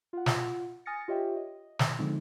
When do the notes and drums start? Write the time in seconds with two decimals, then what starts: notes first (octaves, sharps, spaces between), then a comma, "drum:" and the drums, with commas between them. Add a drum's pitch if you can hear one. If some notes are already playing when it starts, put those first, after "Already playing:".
0.13 F4 F#5
0.26 drum: snare
0.86 G#5 D#6 F6 A6 A#6 C#7
1.08 F4 G4 C#5 D#5 E5 G5
1.36 D#5
1.79 D#3, drum: snare
1.99 D3 F3 G#3 C4 D#4